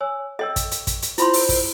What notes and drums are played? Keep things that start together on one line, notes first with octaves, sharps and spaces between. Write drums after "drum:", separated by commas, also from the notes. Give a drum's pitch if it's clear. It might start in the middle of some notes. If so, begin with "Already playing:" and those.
C#5 G#5 E6
A4 C#5 D#5 G5 E6
drum: kick, hi-hat
drum: hi-hat
drum: kick, hi-hat
drum: hi-hat
E4 F4 C5 B5 C6, drum: hi-hat
drum: open hi-hat
drum: kick, open hi-hat